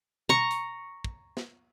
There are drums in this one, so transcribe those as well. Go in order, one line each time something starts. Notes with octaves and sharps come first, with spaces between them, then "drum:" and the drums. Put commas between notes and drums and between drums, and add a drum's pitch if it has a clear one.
A#5 C#6, drum: tom B2
drum: hi-hat
drum: kick
drum: snare